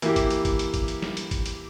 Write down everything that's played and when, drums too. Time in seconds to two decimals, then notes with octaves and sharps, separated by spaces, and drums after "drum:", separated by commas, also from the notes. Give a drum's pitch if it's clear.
0.02 E3 A#3 E4 G4, drum: hi-hat
0.16 drum: kick, hi-hat
0.31 drum: hi-hat
0.45 drum: kick, hi-hat
0.59 drum: hi-hat
0.74 drum: kick, hi-hat
0.88 drum: hi-hat
1.02 drum: snare
1.17 drum: hi-hat
1.31 drum: kick, hi-hat
1.46 drum: hi-hat